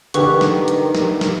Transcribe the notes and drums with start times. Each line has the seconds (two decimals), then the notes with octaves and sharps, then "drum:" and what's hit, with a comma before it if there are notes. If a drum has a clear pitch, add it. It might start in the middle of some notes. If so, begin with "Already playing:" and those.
0.14 D3 D#3 G4 B4 C#6, drum: hi-hat
0.41 drum: snare
0.68 drum: hi-hat
0.95 drum: snare
1.21 drum: snare